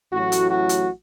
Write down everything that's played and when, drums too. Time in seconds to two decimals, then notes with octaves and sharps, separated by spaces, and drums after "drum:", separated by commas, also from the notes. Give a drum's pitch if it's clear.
0.13 A1 A2 F#3 F#4
0.32 drum: hi-hat
0.50 F#4
0.69 drum: hi-hat